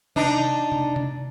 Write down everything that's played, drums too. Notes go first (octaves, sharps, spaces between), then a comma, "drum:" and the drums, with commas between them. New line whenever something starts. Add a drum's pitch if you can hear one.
D4 D#4, drum: tom C3
drum: tom C3
drum: tom C3